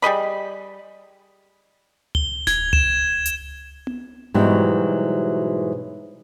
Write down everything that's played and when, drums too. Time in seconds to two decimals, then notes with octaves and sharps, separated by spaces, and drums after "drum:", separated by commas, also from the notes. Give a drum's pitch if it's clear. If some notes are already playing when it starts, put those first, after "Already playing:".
0.02 G3 G#4 D#5 B5
2.15 G7, drum: tom C#2
2.47 G#6, drum: snare D#1
2.73 E7, drum: tom C#2
3.26 drum: hi-hat
3.87 drum: tom B3
4.34 G#2 B2 E3 F#3 G3